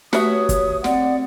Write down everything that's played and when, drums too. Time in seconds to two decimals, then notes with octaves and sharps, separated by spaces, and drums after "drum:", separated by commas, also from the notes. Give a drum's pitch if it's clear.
0.13 A3 F#4 G4 B4 C#5 E5 D#6, drum: snare
0.49 drum: kick, hi-hat
0.84 C4 D5 F#5, drum: snare